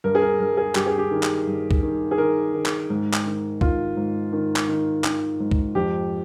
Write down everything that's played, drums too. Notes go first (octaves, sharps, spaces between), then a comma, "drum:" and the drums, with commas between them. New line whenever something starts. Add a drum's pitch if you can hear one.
G2 A#4
G#4
A#4
G2 A#4
G#4
G2 G4, drum: clap
G#4
G4
D#3
drum: clap
G2
drum: kick C2
D#3
G#4
D#3 A#4
D#3
drum: clap
G#2
drum: clap
D#3
D#3 F4, drum: kick C2
G#2
D#3
drum: clap
D#3
D#3, drum: clap
G#2
drum: kick C2
F2 G4